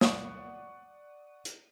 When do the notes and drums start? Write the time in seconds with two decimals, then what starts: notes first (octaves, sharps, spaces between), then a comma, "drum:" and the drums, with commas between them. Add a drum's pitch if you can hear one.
0.01 D5 F#5 C#6 D#6, drum: snare
1.45 drum: hi-hat